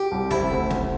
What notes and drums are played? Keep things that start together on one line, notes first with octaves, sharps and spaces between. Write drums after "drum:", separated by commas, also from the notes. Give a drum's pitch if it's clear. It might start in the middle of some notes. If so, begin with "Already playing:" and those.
Already playing: G4
C2
C4 E4, drum: snare
D2
D2, drum: snare